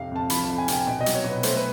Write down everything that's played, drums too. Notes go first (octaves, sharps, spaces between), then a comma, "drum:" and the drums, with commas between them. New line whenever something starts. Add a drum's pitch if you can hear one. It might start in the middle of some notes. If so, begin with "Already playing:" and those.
Already playing: F2 C3 F5
F2 A5
F3 B5, drum: hi-hat
A5
F2
G#5
C3 G5, drum: hi-hat
G#5
B2 G5
D#5
F#3, drum: hi-hat
C#5
B2 B4
A3 C5, drum: hi-hat
B4